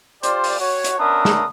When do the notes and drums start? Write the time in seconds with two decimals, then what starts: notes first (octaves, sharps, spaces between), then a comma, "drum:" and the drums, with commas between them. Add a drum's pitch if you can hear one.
0.23 F4 G4 C5 D5, drum: hi-hat
0.44 drum: open hi-hat
0.60 F#4 C#5
0.84 drum: hi-hat
0.99 B3 C#4 D4 A#4 E5 D#6
1.25 drum: snare